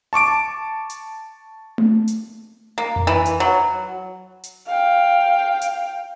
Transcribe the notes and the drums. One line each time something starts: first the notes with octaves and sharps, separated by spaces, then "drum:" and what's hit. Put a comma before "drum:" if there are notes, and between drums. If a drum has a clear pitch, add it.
A5 C#6 D6 D7
drum: hi-hat
drum: tom A3
drum: hi-hat
A#3
drum: tom F2
E3
drum: hi-hat
F#3
drum: hi-hat
F5 G5
drum: hi-hat